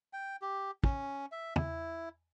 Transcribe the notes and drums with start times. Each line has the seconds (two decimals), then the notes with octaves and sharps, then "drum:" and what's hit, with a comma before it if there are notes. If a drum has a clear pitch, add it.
0.13 G5
0.42 G4
0.84 C#4, drum: kick
1.32 E5
1.56 E4, drum: tom